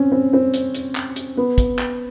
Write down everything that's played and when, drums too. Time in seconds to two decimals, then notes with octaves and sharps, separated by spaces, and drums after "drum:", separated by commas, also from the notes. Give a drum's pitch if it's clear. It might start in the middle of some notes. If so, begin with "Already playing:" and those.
Already playing: C4 C#4
0.12 C4
0.33 C4
0.54 drum: hi-hat
0.75 drum: hi-hat
0.95 drum: clap
1.16 drum: hi-hat
1.37 B3
1.58 drum: kick, hi-hat
1.79 drum: clap